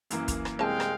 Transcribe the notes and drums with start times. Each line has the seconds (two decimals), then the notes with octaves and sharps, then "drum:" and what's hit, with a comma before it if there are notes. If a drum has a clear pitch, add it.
0.10 F#2 E3 A#3, drum: hi-hat
0.28 drum: kick, hi-hat
0.45 drum: rim click
0.59 C2 G#3 C4 F5 G5 A5
0.80 drum: rim click